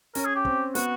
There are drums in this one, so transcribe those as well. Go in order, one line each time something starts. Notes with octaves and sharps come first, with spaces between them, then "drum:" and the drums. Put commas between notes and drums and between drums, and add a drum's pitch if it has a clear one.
C#4 A#4, drum: hi-hat
G#4
G4
C4, drum: kick
B3 F#4, drum: hi-hat